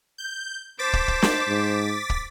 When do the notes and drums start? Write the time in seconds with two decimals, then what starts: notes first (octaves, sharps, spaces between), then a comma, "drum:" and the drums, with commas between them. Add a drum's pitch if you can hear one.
0.18 G6
0.79 C5 A5 D6 A6 B6
0.93 drum: kick
1.08 drum: kick
1.22 drum: snare
1.48 G#2
2.10 drum: kick